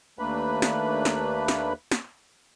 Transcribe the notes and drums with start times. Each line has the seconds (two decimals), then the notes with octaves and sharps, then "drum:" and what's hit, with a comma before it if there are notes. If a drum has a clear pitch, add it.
0.19 D#2 A3 A#3 D4 B4 B5
0.62 drum: snare
1.05 drum: snare
1.48 drum: snare
1.91 drum: snare